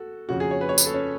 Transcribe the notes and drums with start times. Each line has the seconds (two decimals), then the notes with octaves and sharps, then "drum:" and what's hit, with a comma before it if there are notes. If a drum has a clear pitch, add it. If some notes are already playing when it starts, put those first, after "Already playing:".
Already playing: F#4 A4
0.29 F2 C#3 F3 F#4
0.40 G#4
0.51 C#5
0.61 B4
0.69 C#5
0.78 B4, drum: tambourine
0.86 A4
0.94 C#4